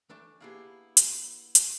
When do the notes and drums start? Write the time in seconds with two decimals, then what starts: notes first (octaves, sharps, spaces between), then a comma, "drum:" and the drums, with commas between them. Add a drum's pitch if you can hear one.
0.10 E3 A3 D4
0.40 A#3 B3 D4 E4 G4 G#4
0.97 drum: hi-hat
1.55 drum: hi-hat